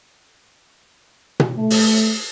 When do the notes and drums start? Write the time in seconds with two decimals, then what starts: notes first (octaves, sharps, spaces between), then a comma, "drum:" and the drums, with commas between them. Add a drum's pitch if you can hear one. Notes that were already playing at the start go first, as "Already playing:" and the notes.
1.40 drum: tom B2
1.57 A3
1.70 drum: open hi-hat